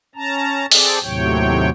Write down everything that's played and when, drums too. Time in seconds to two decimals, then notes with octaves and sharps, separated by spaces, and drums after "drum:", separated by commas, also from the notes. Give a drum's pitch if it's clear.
0.15 C#4 A5 A#5
0.71 C4 G#4 A4 D5, drum: open hi-hat
1.03 D#2 A2 C3 F#3 C#5 G5